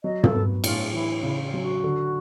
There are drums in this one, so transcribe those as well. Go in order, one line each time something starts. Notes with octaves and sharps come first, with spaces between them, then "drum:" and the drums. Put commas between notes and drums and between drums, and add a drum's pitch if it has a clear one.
F#3 D#5
A4, drum: tom
B3
A2 F4, drum: cymbal
E3 E4
C#3 E4
F4
F#3
F#4
D3